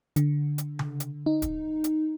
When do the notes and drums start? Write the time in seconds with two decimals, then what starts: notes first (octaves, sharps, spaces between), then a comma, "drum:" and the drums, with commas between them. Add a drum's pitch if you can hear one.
0.16 D3, drum: hi-hat
0.58 drum: hi-hat
0.79 drum: tom C#3
1.00 drum: hi-hat
1.26 D#4
1.42 drum: kick, hi-hat
1.84 drum: hi-hat